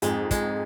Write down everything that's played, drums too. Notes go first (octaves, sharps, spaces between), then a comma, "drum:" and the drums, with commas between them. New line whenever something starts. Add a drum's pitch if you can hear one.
F2 G#2 G#3, drum: hi-hat
G#3, drum: kick, hi-hat